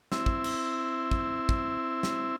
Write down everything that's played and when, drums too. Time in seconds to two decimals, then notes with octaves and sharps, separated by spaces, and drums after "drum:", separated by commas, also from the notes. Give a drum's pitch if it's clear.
0.12 C4 E4, drum: snare
0.26 drum: kick
0.44 drum: cymbal
1.11 drum: kick
1.49 drum: kick
2.03 drum: snare